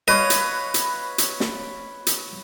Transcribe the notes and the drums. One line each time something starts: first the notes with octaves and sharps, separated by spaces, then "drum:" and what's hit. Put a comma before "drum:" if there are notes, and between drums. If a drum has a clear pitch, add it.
B4 C#5 D#5 F5
drum: hi-hat
drum: hi-hat
drum: hi-hat
drum: snare
drum: hi-hat